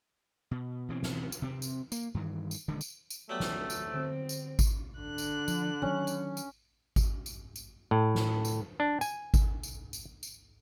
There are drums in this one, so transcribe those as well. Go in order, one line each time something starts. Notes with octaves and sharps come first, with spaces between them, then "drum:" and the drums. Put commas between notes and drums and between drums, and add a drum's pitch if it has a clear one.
B2
B2 E3 C4
drum: snare
drum: tambourine
C3 C4
drum: tambourine
A#3, drum: tambourine
G2 D#3 E3
drum: tambourine
D#1 D3 D#3 G#3
drum: tambourine
drum: tambourine
F#3 G3 A3 B3
drum: snare
drum: tambourine
D3 C4 D7
drum: tambourine
drum: kick G#1, tambourine
D3 F#6
drum: tambourine
F3, drum: tambourine
D#3 E3 F#3 C#4
drum: tambourine
drum: tambourine
drum: kick G#1, tambourine
drum: tambourine
drum: tambourine
A2
drum: snare
drum: tambourine
D4
G#5, drum: tambourine
drum: kick G#1, tambourine
drum: tambourine
drum: tambourine
drum: tambourine